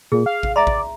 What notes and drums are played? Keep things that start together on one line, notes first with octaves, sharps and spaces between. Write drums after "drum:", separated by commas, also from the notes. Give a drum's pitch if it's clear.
A#2 G#4
F5
drum: kick A1
D5 E5 A#5 C6
drum: kick A1